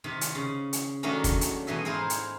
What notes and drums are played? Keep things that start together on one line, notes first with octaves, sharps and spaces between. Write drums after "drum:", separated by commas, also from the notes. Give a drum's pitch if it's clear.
C3 D#3
drum: hi-hat
C#3
drum: hi-hat
D#3 F#3 A3 A#3 C#4 D4
drum: kick, hi-hat
drum: hi-hat
G#2 B2 E3 D#5 E5
D#4 E4 G#4 A#4 C5
drum: hi-hat